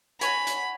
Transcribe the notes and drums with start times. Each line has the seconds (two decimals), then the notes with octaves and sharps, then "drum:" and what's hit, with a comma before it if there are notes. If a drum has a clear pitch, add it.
0.21 F#4 C#5 G#5 B5, drum: hi-hat
0.47 drum: hi-hat